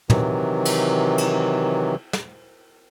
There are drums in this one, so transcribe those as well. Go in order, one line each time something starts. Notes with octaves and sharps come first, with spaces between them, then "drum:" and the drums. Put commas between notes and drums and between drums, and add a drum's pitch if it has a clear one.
C3 D#3 E3 F#3, drum: tom
drum: cymbal
drum: cymbal
drum: snare